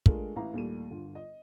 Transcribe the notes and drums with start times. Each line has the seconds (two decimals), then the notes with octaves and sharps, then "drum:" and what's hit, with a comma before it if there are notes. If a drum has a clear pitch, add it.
0.06 G#3 A3 D4 F4 A4 A#4, drum: kick
0.36 A1 A2 E4 B4 F5 A#5
0.53 D#2 A#2 G3 A3 D#7
0.91 G1 D3 F4
1.15 D#5